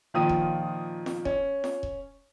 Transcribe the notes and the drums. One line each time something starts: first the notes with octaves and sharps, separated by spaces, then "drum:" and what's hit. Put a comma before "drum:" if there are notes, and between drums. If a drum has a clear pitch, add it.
A#2 D#3 F3 D#6 D#7
drum: kick E1
drum: snare F4
C#4, drum: kick E1
drum: snare F4
drum: kick E1